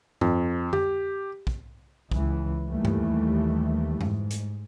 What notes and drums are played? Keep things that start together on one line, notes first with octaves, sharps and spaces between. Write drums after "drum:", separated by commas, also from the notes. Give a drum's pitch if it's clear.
F2, drum: tom G2
G4, drum: tom F2
drum: kick
C#2 E3, drum: kick
D#2 E3 G3 A3
drum: tom G2
G#2, drum: tom F2
drum: hi-hat